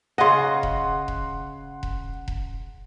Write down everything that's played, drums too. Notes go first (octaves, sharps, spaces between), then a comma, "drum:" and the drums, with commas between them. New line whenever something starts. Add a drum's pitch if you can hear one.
C#3 D#5 F#5 C6
drum: kick E1
drum: kick E1
drum: kick E1
drum: kick E1